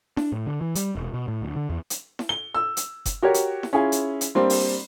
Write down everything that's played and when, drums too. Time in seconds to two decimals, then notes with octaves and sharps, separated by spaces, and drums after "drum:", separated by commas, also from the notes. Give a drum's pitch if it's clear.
0.17 D4, drum: snare E4
0.32 A2
0.46 D3
0.61 E3
0.75 G3, drum: hi-hat
0.96 E1
1.13 B2
1.28 A2
1.42 D2
1.56 D3
1.70 E2
1.90 drum: hi-hat
2.19 drum: snare E4
2.29 G7
2.55 E6
2.77 drum: hi-hat
3.05 drum: kick F#1, hi-hat
3.22 F#4 G4 A#4 C#5
3.34 drum: hi-hat
3.63 drum: snare E4
3.73 C#4 E4 F4 G#4
3.92 drum: hi-hat
4.21 drum: hi-hat
4.35 G3 A#3 C4 D4
4.50 drum: open hi-hat